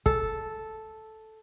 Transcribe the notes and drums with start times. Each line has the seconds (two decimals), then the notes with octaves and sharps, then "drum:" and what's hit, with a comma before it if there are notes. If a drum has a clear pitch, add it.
0.06 A4, drum: kick